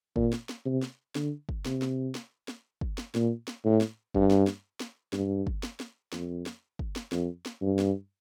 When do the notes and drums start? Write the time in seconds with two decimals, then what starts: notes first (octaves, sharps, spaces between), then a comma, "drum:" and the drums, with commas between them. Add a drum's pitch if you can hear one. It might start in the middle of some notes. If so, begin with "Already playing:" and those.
0.16 A#2, drum: kick
0.33 drum: snare
0.49 drum: snare
0.66 C3
0.82 drum: snare
1.15 D3, drum: snare
1.49 drum: kick
1.65 C3, drum: snare
1.82 drum: snare
2.15 drum: snare
2.48 drum: snare
2.81 drum: kick
2.98 drum: snare
3.15 A#2, drum: snare
3.48 drum: snare
3.65 A2
3.81 drum: snare
4.14 G2, drum: kick
4.31 drum: snare
4.47 drum: snare
4.80 drum: snare
5.13 G2, drum: snare
5.47 drum: kick
5.63 drum: snare
5.80 drum: snare
6.13 F2, drum: snare
6.46 drum: snare
6.79 drum: kick
6.96 drum: snare
7.12 F2, drum: snare
7.46 drum: snare
7.62 G2
7.79 drum: snare